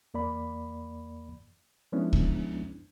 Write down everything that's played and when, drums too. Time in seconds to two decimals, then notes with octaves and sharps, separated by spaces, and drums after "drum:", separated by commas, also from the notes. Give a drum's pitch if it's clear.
0.14 E2 A#3 D5 B5
1.92 F3 G#3 B3 C#4 D4 E4
2.13 drum: kick C#2